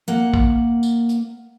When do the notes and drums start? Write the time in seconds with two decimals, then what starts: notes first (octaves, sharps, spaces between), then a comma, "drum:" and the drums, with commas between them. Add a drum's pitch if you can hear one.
0.08 A#3 F#5
0.34 drum: kick A#1
0.83 drum: tambourine
1.09 drum: hi-hat